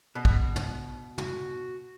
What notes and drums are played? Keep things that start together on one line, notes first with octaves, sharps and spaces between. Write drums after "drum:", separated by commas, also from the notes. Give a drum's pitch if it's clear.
B2
drum: kick
drum: tom
F#4, drum: tom